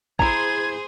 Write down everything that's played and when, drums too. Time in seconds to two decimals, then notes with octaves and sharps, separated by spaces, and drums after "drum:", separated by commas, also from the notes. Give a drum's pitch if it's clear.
0.19 E4 G#4 C5 A#5 G#6, drum: kick